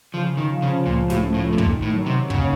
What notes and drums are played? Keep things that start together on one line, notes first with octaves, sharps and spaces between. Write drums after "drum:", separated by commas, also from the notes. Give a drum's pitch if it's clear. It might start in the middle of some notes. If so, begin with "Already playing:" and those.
C#3 F3
D#3
F3
C#3
C#2 A#2
A2, drum: snare
A3
A2
C3
A#2 D#3, drum: kick
A2
F#3
C3
D#2 C#3, drum: kick